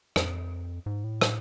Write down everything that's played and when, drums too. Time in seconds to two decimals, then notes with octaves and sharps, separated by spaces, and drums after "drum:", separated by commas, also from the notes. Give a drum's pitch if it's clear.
0.16 F2, drum: rim click
0.86 G#2
1.04 A2
1.21 drum: rim click